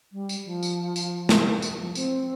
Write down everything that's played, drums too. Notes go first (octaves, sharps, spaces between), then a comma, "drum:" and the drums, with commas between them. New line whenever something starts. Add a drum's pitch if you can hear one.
G3
drum: tambourine
F3
drum: tambourine
drum: tambourine
drum: snare
drum: tambourine
F3
C4, drum: tambourine